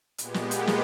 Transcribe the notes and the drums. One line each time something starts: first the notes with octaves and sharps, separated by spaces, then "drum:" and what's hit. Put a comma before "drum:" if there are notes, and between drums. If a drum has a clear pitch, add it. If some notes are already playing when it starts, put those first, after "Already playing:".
A#2 G#3 B3 G4, drum: hi-hat
drum: snare
drum: hi-hat
drum: snare